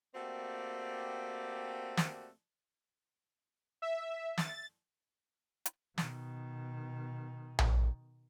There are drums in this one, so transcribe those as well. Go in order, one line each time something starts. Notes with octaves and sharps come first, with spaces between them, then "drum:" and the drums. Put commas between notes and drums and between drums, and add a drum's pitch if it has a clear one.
A3 A#3 C4 F#4 G4 D5
drum: snare
E5
A6, drum: snare
drum: hi-hat
B2 D#3, drum: snare
drum: tom A#1